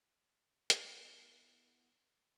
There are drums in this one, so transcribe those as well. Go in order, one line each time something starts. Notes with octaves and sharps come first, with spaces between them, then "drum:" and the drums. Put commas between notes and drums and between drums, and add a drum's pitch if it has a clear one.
B3 E4, drum: hi-hat